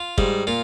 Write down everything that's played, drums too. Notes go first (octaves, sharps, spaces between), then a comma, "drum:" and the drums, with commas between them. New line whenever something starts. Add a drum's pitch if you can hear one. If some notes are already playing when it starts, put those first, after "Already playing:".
Already playing: F4
G#2 G3, drum: kick
A#2 F4